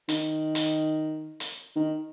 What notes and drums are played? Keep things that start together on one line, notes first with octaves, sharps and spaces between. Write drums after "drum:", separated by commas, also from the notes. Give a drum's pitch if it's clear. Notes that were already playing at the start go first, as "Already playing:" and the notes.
D#3, drum: hi-hat
drum: hi-hat
drum: hi-hat
D#3